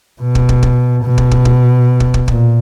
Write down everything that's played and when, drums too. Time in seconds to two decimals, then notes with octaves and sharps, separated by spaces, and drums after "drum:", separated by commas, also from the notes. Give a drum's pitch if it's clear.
0.21 B2
0.35 drum: kick
0.49 drum: kick
0.63 drum: kick
1.04 B2
1.18 drum: kick
1.31 drum: kick
1.45 drum: kick
2.00 drum: kick
2.14 drum: kick
2.28 A#2, drum: kick